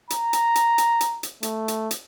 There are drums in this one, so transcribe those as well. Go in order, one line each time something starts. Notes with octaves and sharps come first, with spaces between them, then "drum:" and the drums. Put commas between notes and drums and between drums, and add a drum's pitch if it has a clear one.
A#5, drum: hi-hat
drum: hi-hat
drum: hi-hat
drum: hi-hat
drum: hi-hat
drum: hi-hat
A3, drum: hi-hat
drum: hi-hat
drum: hi-hat